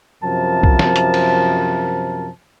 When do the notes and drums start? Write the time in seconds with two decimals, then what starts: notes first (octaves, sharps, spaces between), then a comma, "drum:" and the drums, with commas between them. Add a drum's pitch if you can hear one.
0.24 F#2 C3 F3 A#4 A5
0.63 drum: kick B1
0.79 drum: snare
0.96 drum: hi-hat
1.14 drum: cymbal